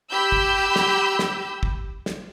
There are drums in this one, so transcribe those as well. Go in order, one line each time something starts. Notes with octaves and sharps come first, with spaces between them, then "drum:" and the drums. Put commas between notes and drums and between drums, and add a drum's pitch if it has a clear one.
G4 B5 E6 G6
drum: kick
drum: snare
drum: snare
drum: kick
drum: snare